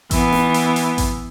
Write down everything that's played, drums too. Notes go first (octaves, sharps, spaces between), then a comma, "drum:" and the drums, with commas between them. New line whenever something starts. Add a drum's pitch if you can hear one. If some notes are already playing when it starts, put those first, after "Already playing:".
E3 B3, drum: kick A1, hi-hat
drum: snare
drum: hi-hat
drum: hi-hat
drum: kick A1, hi-hat